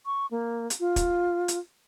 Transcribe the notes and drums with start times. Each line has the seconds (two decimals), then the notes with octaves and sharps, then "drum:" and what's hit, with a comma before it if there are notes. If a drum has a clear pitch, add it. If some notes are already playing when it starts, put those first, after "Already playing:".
0.06 C#6
0.31 A#3
0.70 drum: hi-hat
0.80 F4
0.96 drum: kick, hi-hat
1.48 drum: hi-hat